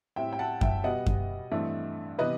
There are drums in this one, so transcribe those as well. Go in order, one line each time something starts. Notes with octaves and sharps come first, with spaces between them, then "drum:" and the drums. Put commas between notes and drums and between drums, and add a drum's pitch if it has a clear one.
A2 G3 C4 E5 G5
G5
F#5 A5
E5 G5, drum: kick F#2
B2 G3 B3 D#5 F#5
drum: kick F#2
G2 E3 A3 C4
C3 E3 G3 B3 B4 D#5